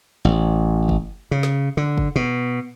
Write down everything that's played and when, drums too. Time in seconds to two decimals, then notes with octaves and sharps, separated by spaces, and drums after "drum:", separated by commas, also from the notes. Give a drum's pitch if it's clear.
0.25 A1
0.89 drum: kick F#1
1.31 C#3
1.43 drum: snare
1.77 D3
1.98 drum: kick F#1
2.16 B2